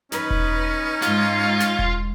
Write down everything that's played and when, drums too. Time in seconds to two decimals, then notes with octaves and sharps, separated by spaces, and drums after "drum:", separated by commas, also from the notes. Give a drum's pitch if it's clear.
0.12 C#4 D#4 B4, drum: snare
0.30 drum: kick E1
1.02 G#2 F4, drum: snare
1.60 drum: snare
1.79 drum: kick E1